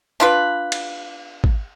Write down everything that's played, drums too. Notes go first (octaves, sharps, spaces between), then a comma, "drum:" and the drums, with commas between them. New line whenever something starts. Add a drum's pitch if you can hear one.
D4 F4 B4
drum: cymbal
drum: kick